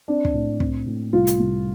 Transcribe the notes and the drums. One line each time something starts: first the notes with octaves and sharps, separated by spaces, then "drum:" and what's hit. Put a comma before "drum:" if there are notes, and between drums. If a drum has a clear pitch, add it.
C4 D4
drum: kick
A2
C4, drum: kick
A2
C2 F4
drum: hi-hat
C2